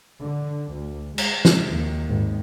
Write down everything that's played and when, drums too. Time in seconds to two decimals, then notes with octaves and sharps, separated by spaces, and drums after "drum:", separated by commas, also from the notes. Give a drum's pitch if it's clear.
0.20 D3
0.74 D2
1.18 G#3, drum: cymbal
1.45 drum: snare
1.70 D#2
2.09 G#1